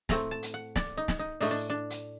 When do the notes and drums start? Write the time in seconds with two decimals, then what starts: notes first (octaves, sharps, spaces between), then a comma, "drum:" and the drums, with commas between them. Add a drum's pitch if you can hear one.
0.09 A2 A3 C4 A#5, drum: snare
0.31 A5
0.43 drum: hi-hat
0.54 F#5
0.76 D5, drum: snare
0.97 D#4
1.08 drum: snare
1.19 D#4
1.40 A2 A3 D4 D#4, drum: open hi-hat
1.51 D4
1.70 D4
1.90 drum: hi-hat